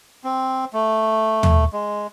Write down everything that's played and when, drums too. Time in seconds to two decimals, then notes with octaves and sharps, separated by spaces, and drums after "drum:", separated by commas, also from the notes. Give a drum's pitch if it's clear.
0.24 C4
0.73 A3
1.43 drum: tom
1.73 G#3